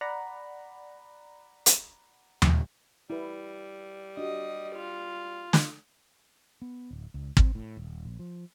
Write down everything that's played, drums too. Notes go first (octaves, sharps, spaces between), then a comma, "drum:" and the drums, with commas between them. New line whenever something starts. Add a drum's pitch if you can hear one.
D5 F#5 A#5 B5
drum: hi-hat
drum: tom D#2
G3 E4 B4
D4 F#4 G4 D#5
F4
drum: snare
B3
D1
C#2
C4, drum: kick
A2
D#1
A#1
F3